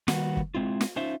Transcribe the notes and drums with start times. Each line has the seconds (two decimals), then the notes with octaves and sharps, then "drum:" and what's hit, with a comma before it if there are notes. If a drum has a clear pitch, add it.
0.08 D#3 G3 A#3 F#4 B4, drum: snare
0.37 drum: kick
0.55 G#3 C4 E4 F4
0.81 drum: snare
0.96 C#4 D#4 F4 C5 E5